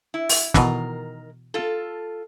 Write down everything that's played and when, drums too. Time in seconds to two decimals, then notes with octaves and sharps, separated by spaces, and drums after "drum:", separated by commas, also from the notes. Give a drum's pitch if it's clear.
0.14 E4
0.29 drum: open hi-hat
0.54 B2 D#3 E3 A#4, drum: snare
1.54 F4 A4